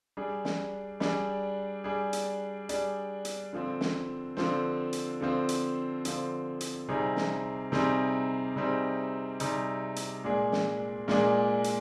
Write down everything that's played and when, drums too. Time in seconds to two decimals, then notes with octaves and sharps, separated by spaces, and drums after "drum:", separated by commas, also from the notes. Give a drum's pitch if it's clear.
0.17 G3 D4 G#4
0.45 drum: snare
1.00 G3 D4 G#4, drum: snare
1.84 G3 D4 G#4
2.13 drum: hi-hat
2.69 G3 D4 G#4, drum: hi-hat
3.25 drum: hi-hat
3.53 D3 F3 C4
3.81 drum: snare
4.37 D3 F3 C4, drum: snare
4.93 drum: hi-hat
5.21 D3 F3 C4
5.49 drum: hi-hat
6.05 D3 F3 C4, drum: hi-hat
6.61 drum: hi-hat
6.89 C3 G3 C4 D#4 G#4
7.17 drum: snare
7.72 C3 G3 C4 D#4 G#4, drum: snare
8.56 C3 G3 C4 D#4 G#4
9.40 C3 G3 C4 D#4 G#4, drum: hi-hat
9.96 drum: hi-hat
10.24 A#2 G#3 D4 G#4
10.52 drum: snare
11.08 A#2 G#3 D4 G#4, drum: snare
11.64 drum: hi-hat